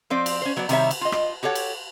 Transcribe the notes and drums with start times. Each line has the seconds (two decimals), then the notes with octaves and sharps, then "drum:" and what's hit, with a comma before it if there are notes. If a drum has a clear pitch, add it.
0.10 F3 C4 C5 D5
0.26 drum: cymbal
0.42 C#4 C5
0.57 F#3 B3 F#4 D5
0.69 C3 D#3 G3 F4 C#5 E5, drum: cymbal
0.91 drum: cymbal
1.01 F4 D#5
1.12 drum: rim click
1.43 F#4 G4 A4 C#5 F#5
1.55 drum: cymbal